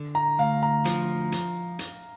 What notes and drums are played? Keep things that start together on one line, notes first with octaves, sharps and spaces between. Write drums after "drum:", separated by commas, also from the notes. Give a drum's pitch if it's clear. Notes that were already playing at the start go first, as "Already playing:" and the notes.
Already playing: D3
A#5
D2 F5
A#5
F3, drum: hi-hat
drum: hi-hat
drum: hi-hat